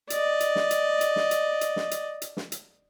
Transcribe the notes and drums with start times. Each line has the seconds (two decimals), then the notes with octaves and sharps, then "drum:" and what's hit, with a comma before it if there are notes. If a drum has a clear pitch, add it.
0.10 D5 D#5, drum: hi-hat
0.40 drum: hi-hat
0.56 drum: snare
0.71 drum: hi-hat
1.01 drum: hi-hat
1.16 drum: snare
1.31 drum: hi-hat
1.61 drum: hi-hat
1.76 drum: snare
1.91 drum: hi-hat
2.22 drum: hi-hat
2.37 drum: snare
2.52 drum: hi-hat